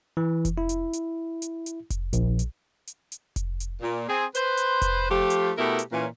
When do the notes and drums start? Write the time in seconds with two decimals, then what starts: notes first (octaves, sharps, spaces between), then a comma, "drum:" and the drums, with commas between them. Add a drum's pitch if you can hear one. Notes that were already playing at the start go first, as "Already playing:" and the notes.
0.17 E3
0.45 drum: kick F1, hi-hat
0.58 E4
0.69 drum: hi-hat
0.93 drum: hi-hat
1.42 drum: hi-hat
1.66 drum: hi-hat
1.90 drum: kick F1, hi-hat
2.13 A#1, drum: hi-hat
2.39 drum: hi-hat
2.87 drum: hi-hat
3.12 drum: hi-hat
3.36 drum: kick F1, hi-hat
3.60 drum: hi-hat
3.81 A#2
4.09 C4 G#4
4.35 B4 C5, drum: hi-hat
4.57 drum: hi-hat
4.82 drum: kick F1, hi-hat
5.10 F3 A3 F4 G4
5.30 drum: hi-hat
5.58 B2 A3 B3 E4 G4 A#4
5.79 drum: hi-hat
5.92 A#2 E3 C#4